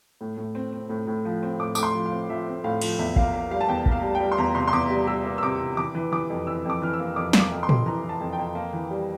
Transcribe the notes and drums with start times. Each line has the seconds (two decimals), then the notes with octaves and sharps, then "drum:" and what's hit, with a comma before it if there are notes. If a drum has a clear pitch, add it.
0.21 A2
0.37 A2
0.55 C4
0.73 C4
0.90 A2
1.07 A2
1.25 F3
1.43 C4
1.59 A2 D6
1.75 A2 D6, drum: tambourine
1.83 C6
1.94 F3
2.06 F5
2.12 C4
2.29 F3 E5
2.47 C4
2.64 A2 F5
2.82 F3, drum: cymbal
2.99 E2 E5
3.16 A#3 F5, drum: kick A#1
3.34 A#3 F5
3.51 G3 F5
3.61 A5
3.68 E2 G5
3.86 A#3, drum: kick A#1
3.92 F5
4.03 G3
4.15 G5
4.20 G3
4.32 C6
4.38 E2 A#5
4.55 C3 C6
4.68 C6
4.73 E2 D6
4.90 G3
5.07 G3 E6
5.25 A#3
5.38 E6
5.43 C3 D6
5.59 C3
5.77 E3 D6
5.95 E3
6.12 E3 D6
6.30 F2
6.47 E3 E6
6.65 F2 D6
6.82 E3 F6
6.93 E6
6.99 A#3
7.16 F2 D6
7.33 A#3, drum: snare
7.40 D6
7.51 F2
7.63 C6
7.69 F2, drum: tom
7.86 E3 A#5
8.04 E3
8.09 A5
8.21 F2
8.32 G5
8.38 F2
8.55 A#3
8.73 E3
8.90 G3